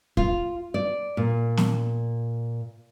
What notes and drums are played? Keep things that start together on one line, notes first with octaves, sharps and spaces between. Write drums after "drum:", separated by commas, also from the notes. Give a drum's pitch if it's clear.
F4, drum: kick
D5
A#2
drum: snare